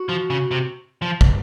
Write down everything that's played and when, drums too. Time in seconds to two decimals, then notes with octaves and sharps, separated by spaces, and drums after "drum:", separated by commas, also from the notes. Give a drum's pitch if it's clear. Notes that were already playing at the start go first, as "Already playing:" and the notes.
Already playing: F#4
0.09 F3
0.30 C#3
0.51 C3
1.02 F3
1.21 drum: kick